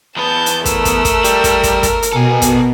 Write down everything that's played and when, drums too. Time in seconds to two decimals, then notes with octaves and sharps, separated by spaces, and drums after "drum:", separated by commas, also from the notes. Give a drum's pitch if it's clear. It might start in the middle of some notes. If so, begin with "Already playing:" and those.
0.17 E2 B3 A5 G6
0.46 drum: hi-hat
0.65 A3 A#4 E6, drum: kick, hi-hat
0.85 drum: kick, hi-hat
1.05 drum: kick, hi-hat
1.24 G3, drum: hi-hat
1.44 drum: kick, hi-hat
1.63 drum: kick, hi-hat
1.83 drum: kick, hi-hat
2.02 drum: hi-hat
2.13 B2 A4 G#5
2.42 drum: kick, hi-hat